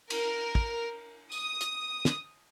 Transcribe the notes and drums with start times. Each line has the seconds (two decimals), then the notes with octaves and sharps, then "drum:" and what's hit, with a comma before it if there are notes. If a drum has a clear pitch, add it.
0.10 A#4, drum: cymbal
0.55 drum: kick
1.32 D#6, drum: tambourine
1.61 drum: hi-hat
2.05 drum: snare